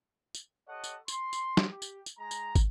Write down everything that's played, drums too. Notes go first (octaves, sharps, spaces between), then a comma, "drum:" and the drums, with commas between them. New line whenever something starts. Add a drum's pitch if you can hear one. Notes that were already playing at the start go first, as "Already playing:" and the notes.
drum: tambourine
G4 A4 C#5 D#5 F#5
drum: tambourine
C6, drum: tambourine
drum: tambourine
drum: snare
G4
drum: tambourine
drum: tambourine
G#3 A#5
drum: tambourine
drum: kick, tambourine